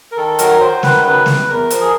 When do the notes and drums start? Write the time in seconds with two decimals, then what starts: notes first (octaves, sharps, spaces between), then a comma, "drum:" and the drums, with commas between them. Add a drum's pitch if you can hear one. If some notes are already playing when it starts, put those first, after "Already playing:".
0.12 A#4
0.17 D#3 A4
0.39 F#3 A#4, drum: hi-hat
0.60 F#3 C5
0.83 D#3 B4, drum: snare
1.04 C#3 B4
1.26 E2, drum: snare
1.48 E2 A#4
1.71 F3, drum: hi-hat
1.81 G#4